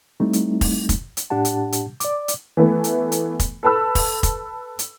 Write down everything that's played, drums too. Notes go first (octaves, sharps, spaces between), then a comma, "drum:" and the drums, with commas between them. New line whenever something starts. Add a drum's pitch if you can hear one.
G3 A3 C4 D#4 E4
drum: hi-hat
drum: kick F1, open hi-hat
drum: kick F1, hi-hat
drum: hi-hat
A2 D4 G4 F#5 A5
drum: hi-hat
drum: hi-hat
D5 D6, drum: hi-hat
drum: hi-hat
E3 A3 B3
drum: hi-hat
drum: hi-hat
drum: kick F1, hi-hat
A4 B4 A5 B5 E6
drum: kick F1, open hi-hat
drum: kick F1, hi-hat
drum: hi-hat